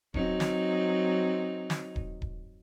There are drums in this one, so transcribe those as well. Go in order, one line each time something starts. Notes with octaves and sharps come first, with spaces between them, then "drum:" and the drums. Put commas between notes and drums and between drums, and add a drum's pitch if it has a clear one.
F#3 C4 D#4, drum: kick D#1
drum: snare
drum: snare
drum: kick D#1
drum: kick D#1